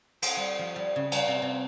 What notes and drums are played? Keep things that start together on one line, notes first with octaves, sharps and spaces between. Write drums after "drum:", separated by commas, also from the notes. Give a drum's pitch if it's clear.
C5, drum: cymbal
G3
F3
G3
C#3
G3, drum: cymbal
C3
C3